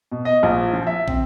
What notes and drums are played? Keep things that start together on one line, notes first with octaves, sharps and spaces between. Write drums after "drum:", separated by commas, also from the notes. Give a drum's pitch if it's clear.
B2
D#5
A#1
F3
E5
C4, drum: kick